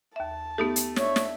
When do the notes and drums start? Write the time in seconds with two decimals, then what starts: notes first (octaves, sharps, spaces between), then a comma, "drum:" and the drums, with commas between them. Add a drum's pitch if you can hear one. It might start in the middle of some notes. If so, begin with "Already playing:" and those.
0.16 D#2 E5 A5
0.58 A3 B3 D#4 G4
0.76 drum: hi-hat
0.96 D4 C#5 E5, drum: snare
1.16 drum: snare